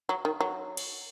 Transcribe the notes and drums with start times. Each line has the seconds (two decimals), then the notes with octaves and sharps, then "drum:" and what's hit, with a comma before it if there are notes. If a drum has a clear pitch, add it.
0.09 F#3
0.25 D#3
0.41 F#3
0.77 drum: cymbal